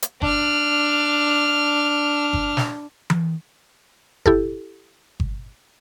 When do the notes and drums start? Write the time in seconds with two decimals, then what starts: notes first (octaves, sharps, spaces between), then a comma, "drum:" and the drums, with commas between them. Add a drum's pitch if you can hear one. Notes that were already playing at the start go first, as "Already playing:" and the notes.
0.02 drum: hi-hat
0.22 D4 F6, drum: kick G1
2.33 drum: kick G1
2.57 drum: snare
3.10 drum: tom E3
4.26 E4 G4 A4, drum: kick G1
5.20 drum: kick G1